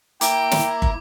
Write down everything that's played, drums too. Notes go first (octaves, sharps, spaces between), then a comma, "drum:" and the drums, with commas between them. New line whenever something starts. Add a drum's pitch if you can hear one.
A#3 E4 G5 D6, drum: hi-hat
drum: snare
drum: kick